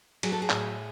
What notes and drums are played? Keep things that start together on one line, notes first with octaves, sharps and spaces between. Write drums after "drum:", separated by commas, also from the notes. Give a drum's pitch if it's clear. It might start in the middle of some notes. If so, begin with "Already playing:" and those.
F#3 G#4, drum: cymbal
A4
G#4
A2, drum: clap